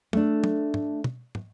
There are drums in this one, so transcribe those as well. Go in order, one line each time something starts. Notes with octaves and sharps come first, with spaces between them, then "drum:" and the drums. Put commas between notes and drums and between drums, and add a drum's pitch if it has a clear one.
A3 D4, drum: tom
drum: tom
drum: tom
drum: tom
drum: tom